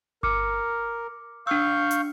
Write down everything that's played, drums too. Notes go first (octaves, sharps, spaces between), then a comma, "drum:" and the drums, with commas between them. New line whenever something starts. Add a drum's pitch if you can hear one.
A#4 D6 F6 C#7, drum: kick G1
D4 F5 C#6 E6 G6
drum: hi-hat